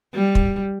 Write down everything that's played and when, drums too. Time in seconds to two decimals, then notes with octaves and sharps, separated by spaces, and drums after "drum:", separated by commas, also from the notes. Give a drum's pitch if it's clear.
0.14 G3
0.35 drum: kick